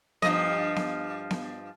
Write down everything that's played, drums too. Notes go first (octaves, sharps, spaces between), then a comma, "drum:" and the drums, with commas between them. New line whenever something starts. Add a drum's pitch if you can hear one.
G2 F3 D#5, drum: snare B3
drum: snare B3
drum: snare B3